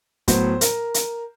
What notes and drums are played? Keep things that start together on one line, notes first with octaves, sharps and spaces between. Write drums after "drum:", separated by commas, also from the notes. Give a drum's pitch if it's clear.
A2 F#3 B3 C5, drum: kick, hi-hat
A#4, drum: hi-hat
drum: hi-hat